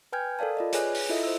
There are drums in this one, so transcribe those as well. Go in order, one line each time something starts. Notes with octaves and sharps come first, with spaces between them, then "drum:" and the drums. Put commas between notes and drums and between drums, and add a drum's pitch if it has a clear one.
B4 G5 G#5 F6 G6 G#6
A4 A#4 D5 F5 A5
F4 D5 D#5
G#4 B4 C#5 G#5 F#6, drum: hi-hat
drum: open hi-hat
E4 F4 A4 D#5 E5
C5 E6